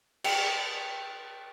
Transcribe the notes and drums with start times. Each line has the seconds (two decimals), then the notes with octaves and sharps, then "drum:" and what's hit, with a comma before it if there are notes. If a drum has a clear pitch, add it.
0.24 G5, drum: cymbal